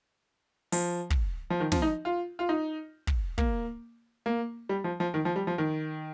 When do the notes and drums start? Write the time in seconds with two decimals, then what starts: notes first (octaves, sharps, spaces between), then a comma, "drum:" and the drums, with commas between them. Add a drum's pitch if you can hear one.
0.72 F3, drum: open hi-hat
1.10 drum: kick
1.50 F3
1.60 D#3
1.72 F3, drum: snare
1.82 D#4
2.05 F4
2.39 F4
2.49 D#4
3.07 drum: kick
3.38 A#3, drum: kick
4.26 A#3
4.69 G3
4.84 F3
5.00 F3
5.14 D#3
5.25 F3
5.36 G3
5.47 F3
5.58 D#3